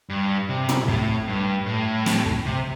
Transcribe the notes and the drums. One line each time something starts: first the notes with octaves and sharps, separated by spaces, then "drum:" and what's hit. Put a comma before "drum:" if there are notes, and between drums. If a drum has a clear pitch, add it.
G2
C3
drum: tom
A2, drum: kick
G2
A2
drum: snare
drum: kick
C3